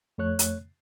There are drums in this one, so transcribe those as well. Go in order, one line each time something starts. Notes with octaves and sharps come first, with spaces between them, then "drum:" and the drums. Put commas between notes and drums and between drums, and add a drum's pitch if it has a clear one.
F2 A3 C#5 F#6
drum: hi-hat